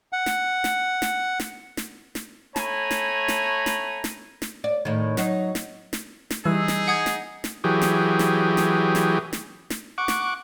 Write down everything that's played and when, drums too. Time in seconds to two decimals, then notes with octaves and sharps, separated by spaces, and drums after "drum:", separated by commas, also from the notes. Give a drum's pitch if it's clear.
0.13 F#5
0.26 drum: snare
0.64 drum: snare
1.02 drum: snare
1.40 drum: snare
1.77 drum: snare
2.15 drum: snare
2.56 A3 C#5 G#5 A#5 B5, drum: snare
2.91 drum: snare
3.28 drum: snare
3.66 drum: snare
4.04 drum: snare
4.42 drum: snare
4.64 D5
4.85 A2 D#3
5.17 F#3 D#4, drum: snare
5.55 drum: snare
5.93 drum: snare
6.30 drum: snare
6.45 E3 G3 D#4 G#4 E6
6.68 drum: snare
6.88 F#5 D#6 G#6
7.06 drum: snare
7.44 drum: snare
7.64 E3 F#3 G4 G#4
7.82 drum: snare
8.19 drum: snare
8.57 drum: snare
8.95 drum: snare
9.33 drum: snare
9.70 drum: snare
9.98 F#5 C#6 D6
10.08 drum: snare